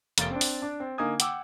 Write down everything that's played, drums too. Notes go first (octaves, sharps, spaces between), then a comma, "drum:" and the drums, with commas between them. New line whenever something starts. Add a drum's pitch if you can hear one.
F1 A#3 F5 A6 D7 G7, drum: hi-hat
C4 D4
drum: open hi-hat
D4
C4
D3 A#3 D#4 G#5 D#6 G#6
F#5 G5 D6 E6, drum: hi-hat